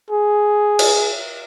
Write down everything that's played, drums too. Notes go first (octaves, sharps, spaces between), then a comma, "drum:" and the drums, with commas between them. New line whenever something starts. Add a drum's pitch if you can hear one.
G#4
drum: cymbal